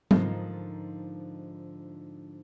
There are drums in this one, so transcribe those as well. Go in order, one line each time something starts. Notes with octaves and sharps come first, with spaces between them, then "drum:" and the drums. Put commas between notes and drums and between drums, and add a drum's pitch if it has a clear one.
G#2 D3 F3 D#4 F4 A#4, drum: tom